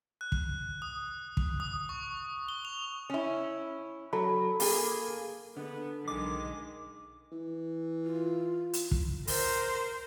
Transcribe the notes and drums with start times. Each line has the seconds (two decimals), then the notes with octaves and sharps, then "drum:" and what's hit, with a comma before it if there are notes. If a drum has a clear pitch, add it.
0.21 F#6
0.32 drum: kick
0.82 D#6
1.37 drum: kick
1.60 D#6
1.89 C#6
2.49 G7
2.65 F7
3.10 C#4 E4
4.13 F#3 A4 B5
4.60 A#3 G#4, drum: open hi-hat
5.57 D3 B3
6.08 B1 D#3 G#3 D6
7.32 E3
8.05 F4
8.73 drum: hi-hat
8.91 drum: kick
9.27 A#4 C5, drum: open hi-hat